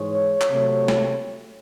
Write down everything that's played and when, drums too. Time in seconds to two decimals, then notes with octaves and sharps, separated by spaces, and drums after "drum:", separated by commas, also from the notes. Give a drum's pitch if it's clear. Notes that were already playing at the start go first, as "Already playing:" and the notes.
Already playing: G#2 E3 G#3 C#5
0.41 drum: clap
0.50 C3 F#3 A3
0.88 drum: snare